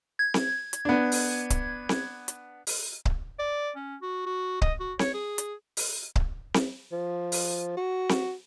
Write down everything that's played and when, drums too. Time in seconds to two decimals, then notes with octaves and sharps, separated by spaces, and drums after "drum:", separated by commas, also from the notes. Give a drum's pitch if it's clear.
0.19 G#6
0.34 drum: snare C4
0.73 drum: hi-hat
0.85 B3 D4
1.12 drum: open hi-hat
1.50 drum: kick C#1, hi-hat
1.89 drum: snare C4
2.28 drum: hi-hat
2.67 drum: open hi-hat
3.05 drum: kick C#1
3.39 D5
3.76 C#4
4.02 F#4
4.26 F#4
4.62 D#5, drum: kick C#1
4.80 F#4
4.99 C#5, drum: snare C4
5.14 G#4
5.38 drum: hi-hat
5.77 drum: open hi-hat
6.16 drum: kick C#1
6.54 drum: snare C4
6.92 F3
7.32 drum: open hi-hat
7.77 F#4
8.09 drum: snare C4